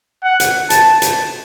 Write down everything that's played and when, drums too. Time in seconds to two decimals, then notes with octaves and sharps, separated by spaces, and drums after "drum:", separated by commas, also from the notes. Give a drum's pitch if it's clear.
0.24 F#5
0.40 drum: hi-hat
0.70 A5, drum: hi-hat
1.02 drum: hi-hat